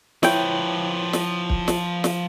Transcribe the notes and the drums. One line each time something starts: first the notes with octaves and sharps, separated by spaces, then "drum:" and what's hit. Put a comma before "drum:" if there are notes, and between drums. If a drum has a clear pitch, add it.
F3 E4 B4 C#5 G5, drum: snare
drum: snare
drum: kick
drum: snare
drum: snare